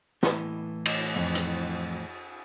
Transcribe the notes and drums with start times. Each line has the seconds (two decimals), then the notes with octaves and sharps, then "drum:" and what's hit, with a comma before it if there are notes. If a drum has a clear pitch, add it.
0.23 A2 E3, drum: snare
0.85 drum: cymbal
1.16 F2
1.35 drum: hi-hat